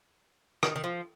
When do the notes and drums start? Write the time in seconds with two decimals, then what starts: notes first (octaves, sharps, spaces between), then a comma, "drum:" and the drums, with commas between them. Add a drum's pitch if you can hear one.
0.63 D#3, drum: rim click
0.76 D#3
0.84 F3